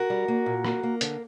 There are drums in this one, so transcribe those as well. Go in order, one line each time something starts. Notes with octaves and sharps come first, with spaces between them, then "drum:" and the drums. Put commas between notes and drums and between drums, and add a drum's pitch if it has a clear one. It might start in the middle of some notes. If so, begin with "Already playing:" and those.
Already playing: F#4 A#4
G3
A#3
A#2
A#3, drum: rim click
A#3
D3, drum: hi-hat